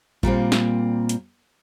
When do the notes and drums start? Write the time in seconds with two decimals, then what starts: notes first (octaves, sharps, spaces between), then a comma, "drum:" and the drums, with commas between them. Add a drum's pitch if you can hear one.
0.23 A#2 G3 A#3 C4, drum: kick A1
0.52 drum: snare
1.09 drum: hi-hat